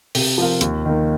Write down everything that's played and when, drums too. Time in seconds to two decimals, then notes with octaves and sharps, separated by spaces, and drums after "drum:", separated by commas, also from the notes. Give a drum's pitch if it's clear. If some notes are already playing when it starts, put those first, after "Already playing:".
0.15 C3, drum: open hi-hat
0.38 F3 C4 F4 A#4
0.61 D#2, drum: hi-hat
0.85 D#3 A#3